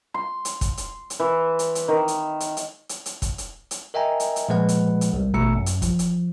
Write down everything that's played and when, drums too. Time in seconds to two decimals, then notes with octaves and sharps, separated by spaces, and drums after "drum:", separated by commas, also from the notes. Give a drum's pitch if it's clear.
0.14 C6
0.45 drum: hi-hat
0.61 drum: kick, hi-hat
0.77 drum: hi-hat
1.10 drum: hi-hat
1.20 E3
1.59 drum: hi-hat
1.75 drum: hi-hat
1.88 D#3
2.08 drum: hi-hat
2.40 drum: hi-hat
2.57 drum: hi-hat
2.89 drum: hi-hat
3.06 drum: hi-hat
3.22 drum: kick, hi-hat
3.38 drum: hi-hat
3.71 drum: hi-hat
3.94 A#4 D#5 E5 G5 G#5 A#5
4.20 drum: hi-hat
4.36 drum: hi-hat
4.49 A#2 F3 G#3 B4 F#5
4.69 drum: hi-hat
5.01 drum: hi-hat
5.13 C2 G3
5.34 A1 B2 A3 A#5 E6 C#7
5.55 F#2
5.66 drum: hi-hat
5.82 F3, drum: kick, hi-hat
5.99 drum: hi-hat